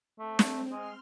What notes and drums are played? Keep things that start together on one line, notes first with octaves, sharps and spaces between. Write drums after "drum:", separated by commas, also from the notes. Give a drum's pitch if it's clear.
A3 C4
drum: snare
G#3 C6 F6